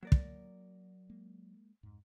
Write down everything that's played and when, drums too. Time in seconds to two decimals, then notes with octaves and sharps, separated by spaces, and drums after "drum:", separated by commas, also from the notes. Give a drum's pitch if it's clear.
0.03 F#3 A#3 A#4 D5
0.12 drum: kick
1.10 G#3 A#3
1.83 F2 G#2